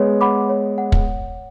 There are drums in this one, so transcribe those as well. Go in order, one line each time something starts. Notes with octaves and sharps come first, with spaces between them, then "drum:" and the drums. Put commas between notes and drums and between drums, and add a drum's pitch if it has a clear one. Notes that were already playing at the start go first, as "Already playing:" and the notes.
Already playing: G#3 B3 C#5
F#5 B5 D6
C#5
F#5
drum: kick